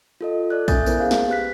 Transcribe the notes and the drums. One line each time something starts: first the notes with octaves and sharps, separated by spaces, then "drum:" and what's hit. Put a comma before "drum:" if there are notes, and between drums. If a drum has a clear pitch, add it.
F4 A4 D#5
A4 D5 F#6
C#4 E5 G#5 D#6 G6 A6, drum: kick A#1, tambourine
B3 E4 A#4 C5, drum: tambourine
G#4 F5
drum: snare
G4 B4 F#6 B6